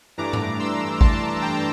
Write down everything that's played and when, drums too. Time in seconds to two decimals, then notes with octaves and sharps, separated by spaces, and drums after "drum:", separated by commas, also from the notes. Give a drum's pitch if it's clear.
0.18 G2 E3 A3 D4 A#5 D6
0.33 drum: tom G2
0.59 C6 E6
1.01 A5 C6, drum: kick
1.41 G5 A#5